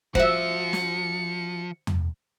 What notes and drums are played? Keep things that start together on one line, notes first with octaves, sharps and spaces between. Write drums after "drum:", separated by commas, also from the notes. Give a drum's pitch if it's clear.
F3 F#4 C5 E5 C#7, drum: kick
drum: snare
drum: tom E2